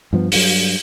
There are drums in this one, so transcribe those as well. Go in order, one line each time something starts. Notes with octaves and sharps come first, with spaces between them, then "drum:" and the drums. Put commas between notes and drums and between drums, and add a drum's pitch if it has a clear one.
G2 F3 B3
G2 F#3, drum: open hi-hat